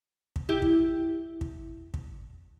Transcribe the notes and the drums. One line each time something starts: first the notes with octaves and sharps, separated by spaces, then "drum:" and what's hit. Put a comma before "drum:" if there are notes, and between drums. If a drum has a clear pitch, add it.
drum: kick
E4 G4
drum: kick
drum: kick
drum: kick